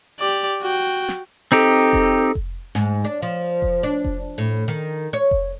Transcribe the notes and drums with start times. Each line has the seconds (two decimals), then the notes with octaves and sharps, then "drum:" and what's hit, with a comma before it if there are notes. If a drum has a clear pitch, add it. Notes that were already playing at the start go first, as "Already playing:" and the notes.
0.19 G4 D5
0.62 F#4 G5
1.09 drum: snare
1.52 C4 D#4 G4 A4
1.93 drum: kick F1
2.35 drum: kick F1
2.75 G#2, drum: snare
3.05 D4
3.22 F3
3.62 drum: kick F1
3.83 D4
4.04 drum: kick F1
4.38 A2
4.68 D#3
5.13 C#5
5.31 drum: kick F1